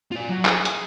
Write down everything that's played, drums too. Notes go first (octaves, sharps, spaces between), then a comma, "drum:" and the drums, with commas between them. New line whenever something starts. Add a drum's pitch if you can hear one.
F4 D5
F#3
G#4, drum: clap
drum: hi-hat